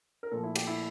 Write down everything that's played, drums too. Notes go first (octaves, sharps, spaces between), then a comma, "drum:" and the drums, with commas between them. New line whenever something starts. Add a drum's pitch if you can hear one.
A#4
A#2 F3 A3 A4
E4
G4, drum: cymbal
E4